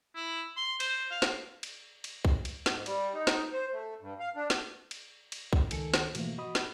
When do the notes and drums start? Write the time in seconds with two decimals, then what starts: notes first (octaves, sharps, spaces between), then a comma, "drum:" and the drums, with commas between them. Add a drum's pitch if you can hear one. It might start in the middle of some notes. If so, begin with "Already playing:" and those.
0.16 E4
0.57 C6
0.80 C5, drum: cymbal
1.11 F5
1.22 drum: snare
1.63 drum: cymbal
2.04 drum: cymbal
2.25 drum: kick B1
2.45 drum: cymbal
2.66 G#2, drum: snare
2.86 G3, drum: cymbal
3.14 D#4
3.27 drum: snare
3.53 C5
3.73 A3
4.01 G2
4.20 F5
4.36 D4
4.50 drum: snare
4.91 drum: cymbal
5.32 drum: cymbal
5.53 drum: kick B1
5.71 C#2 D#3 A4 G#5 C#7, drum: cymbal
5.94 drum: snare
6.15 B2 E3 F3 A3 A#3, drum: cymbal
6.38 F#4 D#5 B5 D#6
6.55 drum: snare